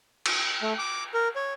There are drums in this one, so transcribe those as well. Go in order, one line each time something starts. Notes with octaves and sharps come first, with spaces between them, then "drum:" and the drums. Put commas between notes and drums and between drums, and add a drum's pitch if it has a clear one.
drum: cymbal
A3
D6
A#4
C#5